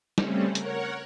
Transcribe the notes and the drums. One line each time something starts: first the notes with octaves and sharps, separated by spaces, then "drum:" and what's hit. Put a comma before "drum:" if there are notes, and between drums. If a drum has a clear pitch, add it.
C#3 G3 A3 C4 C#4, drum: snare
A#4 C#5 F#5, drum: hi-hat